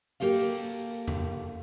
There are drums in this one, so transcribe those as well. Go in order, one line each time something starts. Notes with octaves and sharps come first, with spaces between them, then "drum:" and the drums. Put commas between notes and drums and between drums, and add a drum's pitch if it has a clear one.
A#3 G4 A4 F5
drum: open hi-hat
drum: tom E2